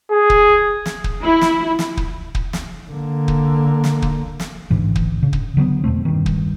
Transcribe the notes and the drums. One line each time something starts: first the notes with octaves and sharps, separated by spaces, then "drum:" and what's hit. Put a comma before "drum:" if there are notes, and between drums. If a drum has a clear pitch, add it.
G#4
drum: kick
drum: snare
drum: kick
E4
drum: snare
drum: snare
drum: kick
drum: kick
drum: snare
D3 A#3
drum: kick
drum: snare
drum: kick
drum: snare
A1 G#2 D3 E3
drum: kick
C#3
drum: kick
D3 F#3 G3 B3
E2 B2 A3 C4
G2 D#3
drum: kick